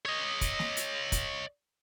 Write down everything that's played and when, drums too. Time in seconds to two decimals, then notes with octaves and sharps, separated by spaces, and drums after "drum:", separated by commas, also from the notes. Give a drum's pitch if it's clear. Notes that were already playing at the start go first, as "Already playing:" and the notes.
0.06 C#5 D#5
0.41 drum: kick, hi-hat
0.59 drum: snare
0.77 drum: hi-hat
1.12 drum: kick, hi-hat